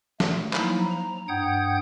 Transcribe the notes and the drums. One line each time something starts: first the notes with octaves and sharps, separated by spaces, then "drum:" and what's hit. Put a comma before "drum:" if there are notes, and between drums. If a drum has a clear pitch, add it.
A3, drum: snare
F3 F#3 A#3 D#4 E4, drum: clap
A#5
G2 F#5 G5 D#6 G6 G#6